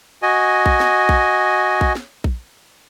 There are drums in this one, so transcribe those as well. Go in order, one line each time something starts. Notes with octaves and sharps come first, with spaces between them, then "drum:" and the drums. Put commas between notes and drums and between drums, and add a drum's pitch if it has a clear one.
F#4 D#5 G#5
drum: kick A#1
drum: snare
drum: kick A#1
drum: kick A#1
drum: snare
drum: kick A#1